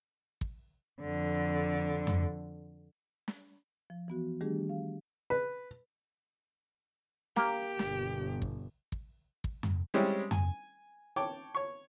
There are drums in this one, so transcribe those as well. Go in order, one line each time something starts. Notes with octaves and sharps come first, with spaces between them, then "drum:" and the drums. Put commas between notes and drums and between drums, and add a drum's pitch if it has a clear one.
drum: kick
F2 D3
drum: tom F2
drum: snare
F3
E3 B3 F#4
D#3 G3 A3 D4 G4 G#4
F5
B4
A#3 G4, drum: snare
G1 B2, drum: snare
drum: kick
drum: kick
drum: kick
drum: tom F2
G3 G#3 C4 C#4 E4 G4
G#5, drum: tom F2
C#5 G5 A5 D6
C#5 C#6